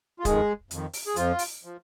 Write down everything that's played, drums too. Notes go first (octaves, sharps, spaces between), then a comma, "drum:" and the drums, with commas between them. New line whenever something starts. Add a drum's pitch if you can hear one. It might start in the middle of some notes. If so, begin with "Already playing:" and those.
F4
F2 D#3 G#3 G#4, drum: kick C#1, hi-hat
F2 D#3, drum: hi-hat
drum: open hi-hat
G#4
F2 F3 F4, drum: hi-hat
drum: open hi-hat
F3